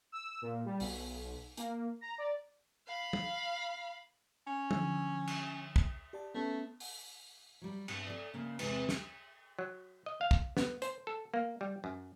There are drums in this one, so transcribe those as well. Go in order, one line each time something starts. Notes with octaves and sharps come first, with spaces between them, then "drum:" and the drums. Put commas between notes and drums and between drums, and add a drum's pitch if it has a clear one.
E6
A#2
G3
B1, drum: open hi-hat
A#3, drum: hi-hat
A#5
D5
F5 B5
drum: tom
C#4
D3 F3 E6, drum: tom
drum: cymbal
drum: kick
G4 D5 A5
A3 B3 C#4
drum: open hi-hat
F#3 G3
G2 B2, drum: cymbal
A4 D5
C#3 A#3
E2 C3 G#3 B4, drum: cymbal
drum: snare
F#3
D#5
F5
drum: kick
B3, drum: snare
C5, drum: hi-hat
A4
A#3
G3
F#2